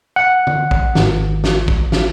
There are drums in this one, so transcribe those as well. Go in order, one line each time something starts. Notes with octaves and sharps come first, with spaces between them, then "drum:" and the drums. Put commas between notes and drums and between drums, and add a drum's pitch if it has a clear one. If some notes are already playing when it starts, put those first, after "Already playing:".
F#5
drum: tom
drum: kick
G#1, drum: snare
drum: snare
drum: kick
drum: snare